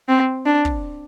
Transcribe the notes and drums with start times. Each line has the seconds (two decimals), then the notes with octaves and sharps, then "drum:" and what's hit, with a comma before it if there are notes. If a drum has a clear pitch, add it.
0.09 C4
0.46 D4
0.65 drum: kick